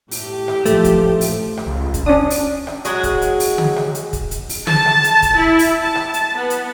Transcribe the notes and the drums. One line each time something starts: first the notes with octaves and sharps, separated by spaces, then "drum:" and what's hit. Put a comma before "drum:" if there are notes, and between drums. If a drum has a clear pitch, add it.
A2 G4, drum: open hi-hat
drum: rim click
A1 F3 A3, drum: hi-hat
drum: kick, hi-hat
drum: open hi-hat
drum: rim click
C#2
drum: kick, hi-hat
C#4 D4 D#6
drum: open hi-hat
drum: rim click
F#3 G#3 F#4 G#4, drum: hi-hat
drum: kick, hi-hat
drum: hi-hat
drum: open hi-hat
drum: tom
drum: rim click
drum: hi-hat
drum: kick, hi-hat
drum: hi-hat
drum: open hi-hat
A5, drum: tom
drum: rim click
drum: hi-hat
drum: kick, hi-hat
E4
drum: open hi-hat
A5
drum: rim click
drum: hi-hat
B3
drum: hi-hat